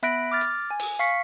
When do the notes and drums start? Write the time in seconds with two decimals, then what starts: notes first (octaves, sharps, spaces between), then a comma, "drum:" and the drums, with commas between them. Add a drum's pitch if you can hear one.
0.03 B3 E5 B5 F#6 A#6 D7, drum: hi-hat
0.32 D6 F6 A6
0.41 drum: hi-hat
0.71 G#5
0.80 drum: open hi-hat
0.99 F5 C#6 B6 C#7